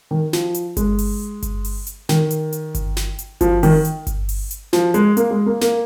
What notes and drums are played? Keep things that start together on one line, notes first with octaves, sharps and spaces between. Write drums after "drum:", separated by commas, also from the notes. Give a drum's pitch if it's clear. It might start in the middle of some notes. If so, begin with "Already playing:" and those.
D#3
F3, drum: snare
drum: hi-hat
G#3, drum: kick G1, hi-hat
drum: open hi-hat
drum: kick G1, hi-hat
drum: open hi-hat
drum: hi-hat
D#3, drum: snare
drum: hi-hat
drum: hi-hat
drum: kick G1, hi-hat
drum: snare
drum: hi-hat
F3, drum: kick G1, hi-hat
D#3, drum: open hi-hat
drum: hi-hat
drum: kick G1, hi-hat
drum: open hi-hat
drum: hi-hat
F3, drum: snare
G#3, drum: hi-hat
A#3, drum: hi-hat
G#3
A#3
A#3, drum: snare